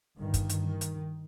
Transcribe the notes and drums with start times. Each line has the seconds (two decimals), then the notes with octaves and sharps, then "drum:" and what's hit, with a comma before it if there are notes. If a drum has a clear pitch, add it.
0.17 G1 G2 D#3
0.34 drum: kick, hi-hat
0.49 drum: hi-hat
0.66 D#3
0.81 drum: hi-hat